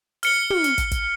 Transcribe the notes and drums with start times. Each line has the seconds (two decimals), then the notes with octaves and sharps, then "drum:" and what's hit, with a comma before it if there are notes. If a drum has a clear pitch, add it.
0.23 F6 C#7 G7, drum: hi-hat
0.50 drum: tom
0.64 drum: hi-hat
0.78 drum: kick, hi-hat
0.92 drum: kick, hi-hat